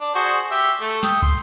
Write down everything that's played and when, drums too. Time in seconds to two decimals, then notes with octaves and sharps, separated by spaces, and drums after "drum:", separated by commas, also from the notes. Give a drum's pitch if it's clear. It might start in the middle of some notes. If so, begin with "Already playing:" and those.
0.01 D4
0.15 F#4 G#4 C5
0.51 G4 E5
0.81 A3
1.03 G5 D#6, drum: snare
1.22 C6, drum: kick